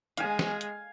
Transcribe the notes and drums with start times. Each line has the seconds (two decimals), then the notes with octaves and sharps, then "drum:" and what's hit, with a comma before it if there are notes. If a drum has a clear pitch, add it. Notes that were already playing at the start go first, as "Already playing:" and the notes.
0.17 G#3 F5 G#5, drum: hi-hat
0.39 drum: snare
0.61 drum: hi-hat